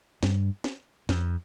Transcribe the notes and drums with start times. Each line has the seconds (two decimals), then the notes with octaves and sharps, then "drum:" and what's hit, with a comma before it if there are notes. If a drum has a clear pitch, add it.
0.23 G2, drum: snare
0.64 drum: snare
1.09 F2, drum: snare